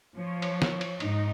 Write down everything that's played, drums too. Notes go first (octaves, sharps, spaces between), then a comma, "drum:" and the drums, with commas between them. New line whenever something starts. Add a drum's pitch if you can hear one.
F3 C#5
drum: cymbal
drum: snare
drum: cymbal
G#2 D#4, drum: cymbal